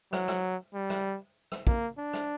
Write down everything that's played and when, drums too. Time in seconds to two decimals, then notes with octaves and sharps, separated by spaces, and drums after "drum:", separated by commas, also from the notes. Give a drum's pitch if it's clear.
0.13 F#3, drum: rim click
0.28 drum: rim click
0.74 G3
0.90 drum: rim click
1.52 drum: rim click
1.67 A#3, drum: kick
1.98 D4
2.13 drum: rim click